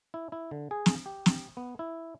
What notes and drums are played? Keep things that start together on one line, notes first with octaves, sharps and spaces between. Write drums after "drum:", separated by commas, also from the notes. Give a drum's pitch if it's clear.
E4
E4
D3
G#4
drum: snare
G4
drum: snare
B3
E4